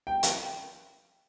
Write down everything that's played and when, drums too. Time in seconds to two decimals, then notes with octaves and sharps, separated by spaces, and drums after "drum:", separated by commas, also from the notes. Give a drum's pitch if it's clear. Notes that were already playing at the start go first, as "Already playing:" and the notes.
0.07 G5
0.23 drum: hi-hat